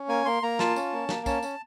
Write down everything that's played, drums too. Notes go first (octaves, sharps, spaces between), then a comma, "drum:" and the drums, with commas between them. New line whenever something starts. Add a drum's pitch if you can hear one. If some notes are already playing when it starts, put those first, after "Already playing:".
Already playing: C#4
A#3 G#5
A#3 C6
A#3 A#5
F4 A5, drum: snare
C#4, drum: tambourine
A#3
A#3, drum: snare
C#4 A5, drum: kick, tambourine
C#4, drum: tambourine